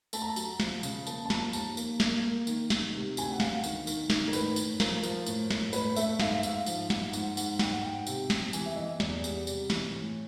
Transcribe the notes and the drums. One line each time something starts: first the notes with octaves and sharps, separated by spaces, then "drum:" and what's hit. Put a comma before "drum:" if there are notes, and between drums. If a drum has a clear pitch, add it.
A3 A5, drum: tambourine
A#5
A5
F#3, drum: tambourine
F3, drum: snare
C#3, drum: tambourine
A#3 A5, drum: tambourine
A5
F3 A#5, drum: snare
D#2 A5, drum: tambourine
A#3, drum: tambourine
A#3, drum: snare
A#3
D#3, drum: tambourine
D#3, drum: snare
C3
D2 G#5, drum: tambourine
G5
F#5
D2 F5, drum: snare
D#3, drum: tambourine
D#3, drum: tambourine
D#3, drum: snare
A#4
A2 B4, drum: tambourine
A2, drum: tambourine
F3 A#4, drum: snare
F3, drum: tambourine
A2, drum: tambourine
A2, drum: snare
A2 B4, drum: tambourine
A3 E5, drum: tambourine
G#2 F5, drum: snare
E5
G#2 F5, drum: tambourine
F3, drum: tambourine
G#2, drum: snare
G#2 F#5, drum: tambourine
G#2, drum: tambourine
G#2 G5, drum: snare
F#5
G#2 G5
C3, drum: tambourine
C3, drum: snare
E3 G#5, drum: tambourine
E5
E3 D#5
E2, drum: snare
G3, drum: tambourine
C3, drum: tambourine
E3, drum: snare
A2